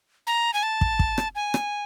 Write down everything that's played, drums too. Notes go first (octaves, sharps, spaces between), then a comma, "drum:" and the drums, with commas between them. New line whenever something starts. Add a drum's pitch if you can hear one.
A#5
G#5
A5
drum: kick
drum: kick
drum: rim click
G#5
drum: rim click